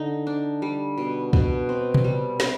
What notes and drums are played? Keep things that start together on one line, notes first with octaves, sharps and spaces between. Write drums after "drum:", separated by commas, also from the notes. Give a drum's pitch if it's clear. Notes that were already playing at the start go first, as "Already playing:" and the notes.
Already playing: D3 D#4
D4
G3
B2
B2, drum: kick
C4
drum: tom B2
G3
C3, drum: snare